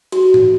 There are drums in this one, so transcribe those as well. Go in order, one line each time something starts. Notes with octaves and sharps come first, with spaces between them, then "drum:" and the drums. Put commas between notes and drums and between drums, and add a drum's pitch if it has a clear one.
F#4, drum: cymbal
drum: tom G#2